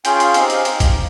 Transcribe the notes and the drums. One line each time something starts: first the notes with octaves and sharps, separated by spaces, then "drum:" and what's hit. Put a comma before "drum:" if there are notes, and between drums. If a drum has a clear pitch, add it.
C#4 F4 G#4 G5, drum: hi-hat
G5
F5, drum: hi-hat
C4 D#4 G4, drum: hi-hat
F5, drum: hi-hat
drum: hi-hat
drum: kick A1, hi-hat